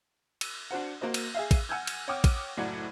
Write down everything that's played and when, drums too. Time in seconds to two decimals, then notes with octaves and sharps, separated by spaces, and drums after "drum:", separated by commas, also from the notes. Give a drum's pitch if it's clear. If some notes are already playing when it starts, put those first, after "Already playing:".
0.41 drum: cymbal
0.71 D4 F#4 C5 F#5
1.01 A#3 F#4 C5 D#5
1.14 drum: cymbal
1.35 G#4 E5 F5
1.51 drum: kick, cymbal
1.69 F#5 G#5 E6 F6 G6 G#6
1.87 drum: cymbal
2.08 C#5 F#5 G5 D6 D#6 F6
2.24 drum: kick, cymbal
2.57 F#1 A2 F#3 D5 F#5 G#6